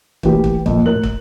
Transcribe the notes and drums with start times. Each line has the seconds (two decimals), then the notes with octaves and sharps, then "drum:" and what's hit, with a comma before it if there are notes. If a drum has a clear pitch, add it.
0.23 E3 A3 A#3 G4 B4, drum: kick
0.44 drum: kick
0.66 F2 A#2, drum: kick
0.86 A2 A#4 F#6 F#7
1.03 F#7, drum: kick